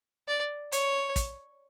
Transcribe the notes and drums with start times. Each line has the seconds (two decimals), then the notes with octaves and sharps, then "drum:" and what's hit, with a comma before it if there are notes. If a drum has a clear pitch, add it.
0.28 D5
0.72 C#5, drum: hi-hat
1.16 drum: kick, hi-hat